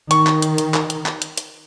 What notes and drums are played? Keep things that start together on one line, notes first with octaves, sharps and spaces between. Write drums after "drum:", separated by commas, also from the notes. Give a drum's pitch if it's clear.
D#3 C#6, drum: hi-hat
drum: clap
drum: hi-hat
drum: hi-hat
drum: clap
drum: hi-hat
drum: clap
drum: hi-hat
drum: hi-hat